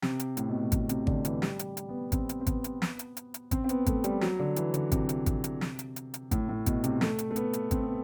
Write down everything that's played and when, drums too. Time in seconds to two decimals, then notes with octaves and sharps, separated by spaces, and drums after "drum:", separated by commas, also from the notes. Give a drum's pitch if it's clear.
0.02 C3, drum: snare
0.20 drum: hi-hat
0.37 A2, drum: hi-hat
0.49 B2
0.61 A2
0.72 B2, drum: kick G#1, hi-hat
0.89 C3, drum: hi-hat
1.07 D3, drum: kick G#1
1.25 E3, drum: hi-hat
1.42 G3, drum: snare
1.59 drum: hi-hat
1.77 drum: hi-hat
1.89 B3
2.12 C4, drum: kick G#1, hi-hat
2.29 drum: hi-hat
2.41 C4
2.47 B3, drum: kick G#1, hi-hat
2.64 drum: hi-hat
2.82 drum: snare
2.99 drum: hi-hat
3.17 drum: hi-hat
3.34 drum: hi-hat
3.51 C4, drum: kick G#1, hi-hat
3.64 C4
3.69 B3, drum: hi-hat
3.86 A3, drum: kick G#1, hi-hat
4.04 G3, drum: hi-hat
4.21 F#3, drum: snare
4.39 D3
4.56 E3, drum: hi-hat
4.74 D3, drum: hi-hat
4.92 C3, drum: kick G#1, hi-hat
5.09 drum: hi-hat
5.26 drum: kick G#1, hi-hat
5.44 drum: hi-hat
5.61 drum: snare
5.79 drum: hi-hat
5.96 drum: hi-hat
6.14 drum: hi-hat
6.31 A2, drum: kick G#1, hi-hat
6.49 A2
6.66 B2, drum: kick G#1, hi-hat
6.84 C3, drum: hi-hat
7.01 A3, drum: snare
7.19 drum: hi-hat
7.31 A3
7.36 B3, drum: hi-hat
7.53 drum: hi-hat
7.71 C4, drum: kick G#1, hi-hat
7.83 B3